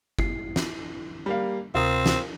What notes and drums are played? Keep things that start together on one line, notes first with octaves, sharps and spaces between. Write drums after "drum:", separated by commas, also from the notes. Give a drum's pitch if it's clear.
E4 C7, drum: kick G1
drum: snare
G3 A#3 F5
D2 C3 C4 F4 A#4 D#6
drum: snare